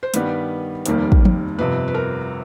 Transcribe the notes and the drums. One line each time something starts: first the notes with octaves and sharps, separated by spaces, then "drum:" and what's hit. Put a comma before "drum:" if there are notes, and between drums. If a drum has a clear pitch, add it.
C5
G2 D#3 G3 B3 B4, drum: hi-hat
F1 D#2 D#3 G3 A#3, drum: hi-hat
drum: kick
drum: tom F3
G1 F2 C3 B4
B4
A#4